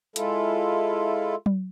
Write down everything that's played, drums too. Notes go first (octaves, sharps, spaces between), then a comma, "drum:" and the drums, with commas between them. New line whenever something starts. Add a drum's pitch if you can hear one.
G#3 E4 F4 A4, drum: hi-hat
drum: tom F#3